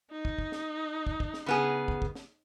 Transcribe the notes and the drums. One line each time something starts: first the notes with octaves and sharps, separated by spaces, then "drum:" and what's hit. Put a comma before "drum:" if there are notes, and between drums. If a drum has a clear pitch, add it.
D#4
drum: kick
drum: kick
drum: snare
drum: kick
drum: kick
drum: snare
C#3 B3 G#4
drum: kick
drum: kick
drum: snare